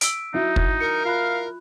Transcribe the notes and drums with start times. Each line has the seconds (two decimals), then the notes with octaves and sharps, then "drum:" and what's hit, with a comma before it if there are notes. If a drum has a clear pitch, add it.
0.01 E6 B6 D7, drum: hi-hat
0.34 F#3 D#4 E4
0.56 drum: kick
0.80 A#4 C#7
1.05 F4 F5 B5 F#6